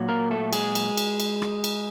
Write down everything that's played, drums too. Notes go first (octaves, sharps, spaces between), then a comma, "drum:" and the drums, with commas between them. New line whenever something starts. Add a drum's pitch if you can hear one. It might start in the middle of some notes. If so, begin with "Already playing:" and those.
Already playing: A#2 F#3
A#3 A#4
A3 A4
G#3 G#4, drum: cymbal
drum: cymbal
drum: cymbal
drum: cymbal
drum: rim click
drum: cymbal